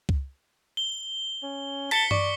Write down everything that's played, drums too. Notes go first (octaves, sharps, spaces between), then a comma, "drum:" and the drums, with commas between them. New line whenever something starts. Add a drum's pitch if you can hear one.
drum: kick C#2
G7
C#4
A5 B6 C#7 G7, drum: cymbal
D5 C#6, drum: tom G2